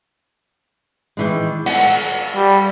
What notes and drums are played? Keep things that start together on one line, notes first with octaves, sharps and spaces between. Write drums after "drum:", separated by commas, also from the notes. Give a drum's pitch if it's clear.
D#3 E3 G#3
F#5 G#5, drum: cymbal
G3